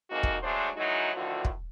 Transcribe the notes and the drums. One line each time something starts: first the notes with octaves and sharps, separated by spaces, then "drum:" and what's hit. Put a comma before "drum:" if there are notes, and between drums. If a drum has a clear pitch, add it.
F2 C3 G#3 A#3 D#4 F#4
drum: kick
F#3 G#3 A3 D4 C5
D#3 E3 F#3 G#3 D#4 F#4
D2 A2 D3 D#3 F3 F#4
drum: kick